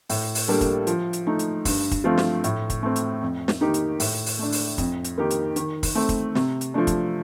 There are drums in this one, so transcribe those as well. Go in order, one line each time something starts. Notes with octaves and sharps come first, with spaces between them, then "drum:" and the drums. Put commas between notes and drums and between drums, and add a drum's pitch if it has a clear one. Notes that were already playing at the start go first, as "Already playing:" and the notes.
A2, drum: open hi-hat
drum: open hi-hat
G3 A#3 D4 A4
drum: kick, hi-hat
F3, drum: hi-hat
drum: hi-hat
A3 D#4
drum: hi-hat
G2, drum: kick, open hi-hat
drum: kick, hi-hat
F3 A3 C4 F4
drum: snare
A2, drum: hi-hat
drum: kick, hi-hat
A3 C4
drum: hi-hat
F2
drum: snare
D#3 A#3 D#4 G4
drum: hi-hat
A2, drum: open hi-hat
drum: open hi-hat
A3 D4
drum: open hi-hat
F2, drum: kick, hi-hat
drum: hi-hat
D#3 A#3 D#4 G4
drum: hi-hat
D#3, drum: hi-hat
drum: kick, open hi-hat
A3 C4
drum: kick, hi-hat
C3, drum: snare
drum: hi-hat
F3 A3 D4
drum: kick, hi-hat